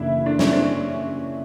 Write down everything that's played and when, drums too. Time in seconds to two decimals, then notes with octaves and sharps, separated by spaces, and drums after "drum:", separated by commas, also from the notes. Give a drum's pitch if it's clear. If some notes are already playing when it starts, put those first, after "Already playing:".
Already playing: F#1 C#3 E3 D4 E4
0.26 D4
0.39 C#4, drum: snare
0.52 C4 D4